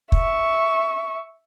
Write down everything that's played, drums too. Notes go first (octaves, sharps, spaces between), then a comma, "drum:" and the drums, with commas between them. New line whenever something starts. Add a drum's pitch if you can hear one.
E5 C#6, drum: kick